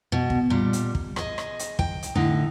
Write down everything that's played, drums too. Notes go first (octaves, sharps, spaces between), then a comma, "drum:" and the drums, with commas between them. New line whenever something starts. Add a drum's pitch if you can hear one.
B2
drum: kick
A#2 G3
drum: hi-hat
drum: kick
G#4 D#5, drum: rim click
drum: rim click
drum: hi-hat
G5, drum: kick
drum: hi-hat
A2 D3 D#4